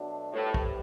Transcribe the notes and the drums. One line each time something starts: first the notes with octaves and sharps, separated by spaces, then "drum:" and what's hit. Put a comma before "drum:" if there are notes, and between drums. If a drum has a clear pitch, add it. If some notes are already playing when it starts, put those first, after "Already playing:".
Already playing: B2 F#3 A3 D4
A2 G3 C4 G4 B4
drum: kick